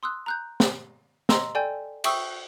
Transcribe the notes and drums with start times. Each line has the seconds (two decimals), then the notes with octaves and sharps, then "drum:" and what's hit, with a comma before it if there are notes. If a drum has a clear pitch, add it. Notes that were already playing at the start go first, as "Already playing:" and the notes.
0.03 C6 D#6 E6 F#6
0.26 A#5 F#6 G6
0.60 drum: snare
1.29 D#5 A#5 C6 E6 A#6, drum: snare
1.55 A4 D5 G5 G#5 G6
2.04 E5 G5 C#6 D#6 E6, drum: cymbal